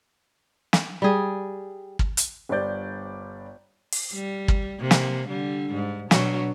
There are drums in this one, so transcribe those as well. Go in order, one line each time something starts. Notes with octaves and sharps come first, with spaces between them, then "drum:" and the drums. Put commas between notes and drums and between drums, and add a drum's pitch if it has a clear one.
drum: snare
G3 G#4
drum: kick
drum: hi-hat
G1 G3 C5 D5 G6
drum: open hi-hat
G3
drum: kick
C3 A#3
drum: snare
D3 G3
G#2
B2 F#3 D4, drum: snare